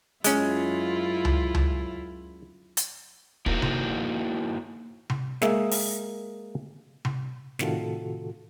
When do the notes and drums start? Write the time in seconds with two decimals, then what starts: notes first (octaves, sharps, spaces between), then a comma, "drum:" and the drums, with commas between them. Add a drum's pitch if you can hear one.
0.24 F#2 G#3 C#4 E4 F4, drum: hi-hat
1.25 drum: tom C#2
1.54 drum: tom C#2
2.77 drum: hi-hat
3.46 A#3 D#4 E4 F#4 A#4 C5, drum: kick
3.62 drum: tom C3
5.10 drum: tom C3
5.42 G#3 A#3 G#4 E5, drum: snare
5.71 drum: open hi-hat
7.05 drum: tom C3
7.59 A2 C3 D#3 F4 F#4 A4, drum: snare